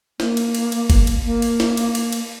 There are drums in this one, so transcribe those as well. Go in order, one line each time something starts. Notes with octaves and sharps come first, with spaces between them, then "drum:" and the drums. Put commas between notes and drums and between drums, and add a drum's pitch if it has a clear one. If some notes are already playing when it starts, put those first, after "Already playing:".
A#3, drum: snare
drum: cymbal
drum: cymbal
drum: cymbal
drum: kick F#1, cymbal
drum: cymbal
A#3
drum: cymbal
drum: snare
drum: cymbal
drum: cymbal
drum: cymbal